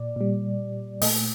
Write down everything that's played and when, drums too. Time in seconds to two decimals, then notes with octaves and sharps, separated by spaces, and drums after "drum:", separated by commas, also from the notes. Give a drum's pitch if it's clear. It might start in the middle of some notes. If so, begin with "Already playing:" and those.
Already playing: A#2 D5
0.16 A#2 G3
1.01 A#2 A3 D#5, drum: open hi-hat